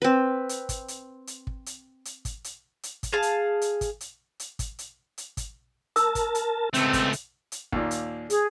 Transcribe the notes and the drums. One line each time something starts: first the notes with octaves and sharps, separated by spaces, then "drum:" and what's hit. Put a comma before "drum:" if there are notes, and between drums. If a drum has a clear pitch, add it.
C4 B4
drum: hi-hat
drum: kick, hi-hat
drum: hi-hat
drum: hi-hat
drum: kick
drum: hi-hat
drum: hi-hat
drum: kick, hi-hat
drum: hi-hat
drum: hi-hat
drum: kick, hi-hat
G#4 F5 A5
drum: hi-hat
drum: hi-hat
drum: kick, hi-hat
drum: hi-hat
drum: hi-hat
drum: kick, hi-hat
drum: hi-hat
drum: hi-hat
drum: kick, hi-hat
A#4 A5 E6, drum: hi-hat
drum: kick, hi-hat
drum: hi-hat
C#2 A3 C4, drum: hi-hat
drum: kick, hi-hat
drum: hi-hat
drum: hi-hat
D#2 A#2, drum: kick
drum: hi-hat
G#4, drum: hi-hat